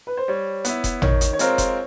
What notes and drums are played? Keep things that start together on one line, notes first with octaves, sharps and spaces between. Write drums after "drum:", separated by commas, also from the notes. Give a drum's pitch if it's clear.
B4
C5
G3 C#5
B3 E4, drum: hi-hat
drum: kick F1, hi-hat
D#3 C#5, drum: tom
drum: hi-hat
C#5
G#3 C4 F4 A#4 C5, drum: hi-hat
drum: kick F1, hi-hat